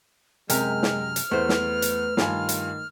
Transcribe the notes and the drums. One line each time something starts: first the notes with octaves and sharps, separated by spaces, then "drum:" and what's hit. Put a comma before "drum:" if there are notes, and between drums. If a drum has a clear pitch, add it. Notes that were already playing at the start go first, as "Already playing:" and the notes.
F#2 C3 G#3 A#4 G5 F6, drum: hi-hat
drum: snare
drum: hi-hat
E2 A3 B4 C5
drum: snare
drum: hi-hat
G2 D#3 F4 G#5, drum: snare
drum: hi-hat